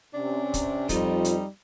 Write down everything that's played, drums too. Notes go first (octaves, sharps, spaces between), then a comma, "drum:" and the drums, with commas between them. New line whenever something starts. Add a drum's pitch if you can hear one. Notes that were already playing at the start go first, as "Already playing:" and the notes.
C3 C#4 D4
drum: kick, hi-hat
F2 G3 D#4 F4, drum: kick, hi-hat
drum: hi-hat